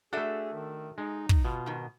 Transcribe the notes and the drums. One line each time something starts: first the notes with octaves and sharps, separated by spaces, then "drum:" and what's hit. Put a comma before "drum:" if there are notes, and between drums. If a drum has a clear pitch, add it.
A3 D4 F#4 G#4 A4 E5
D#3
G#3 D#4
drum: kick
B2 F4
G#2 D#3